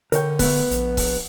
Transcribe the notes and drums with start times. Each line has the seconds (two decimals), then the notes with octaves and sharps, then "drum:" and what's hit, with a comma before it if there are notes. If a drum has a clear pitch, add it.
0.12 D3 A#4 C#5 G5, drum: hi-hat
0.39 A3 B3, drum: kick, open hi-hat
0.71 A#1, drum: hi-hat
0.97 drum: kick, open hi-hat